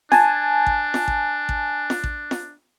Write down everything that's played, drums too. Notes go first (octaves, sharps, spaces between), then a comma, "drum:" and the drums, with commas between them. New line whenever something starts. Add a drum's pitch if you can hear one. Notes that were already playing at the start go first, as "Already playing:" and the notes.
D4 G#5 A5, drum: snare F4
drum: kick A1
drum: snare F4
drum: kick A1
drum: kick A1
drum: snare F4
drum: kick A1
drum: snare F4